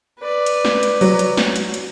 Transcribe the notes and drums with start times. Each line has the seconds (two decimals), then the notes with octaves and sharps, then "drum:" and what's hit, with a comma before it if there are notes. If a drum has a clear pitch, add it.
0.20 B4 D5
0.46 drum: hi-hat
0.65 drum: snare
0.83 drum: hi-hat
1.01 F#3, drum: open hi-hat
1.19 drum: hi-hat
1.37 drum: snare
1.56 drum: hi-hat
1.74 drum: hi-hat